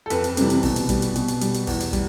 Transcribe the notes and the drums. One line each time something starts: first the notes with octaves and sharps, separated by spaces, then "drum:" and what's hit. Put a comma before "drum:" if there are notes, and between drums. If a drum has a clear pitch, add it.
A4
F2 B4, drum: hi-hat
drum: hi-hat
C3 E3 G3, drum: hi-hat
drum: hi-hat
B2, drum: kick, open hi-hat
drum: hi-hat
G3, drum: kick, hi-hat
drum: hi-hat
B2, drum: hi-hat
drum: hi-hat
G3, drum: hi-hat
drum: hi-hat
E2, drum: kick, open hi-hat
drum: hi-hat
G3, drum: kick, hi-hat